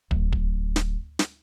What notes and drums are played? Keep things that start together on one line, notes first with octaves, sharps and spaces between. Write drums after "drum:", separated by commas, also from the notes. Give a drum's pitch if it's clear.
D1, drum: kick
drum: kick
drum: snare
drum: snare